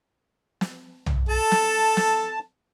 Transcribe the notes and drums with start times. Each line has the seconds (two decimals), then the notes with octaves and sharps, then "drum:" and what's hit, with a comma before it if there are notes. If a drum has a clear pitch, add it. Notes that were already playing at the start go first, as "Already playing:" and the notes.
0.61 drum: snare
1.06 drum: tom B1
1.29 A4 A5
1.52 drum: snare
1.97 drum: snare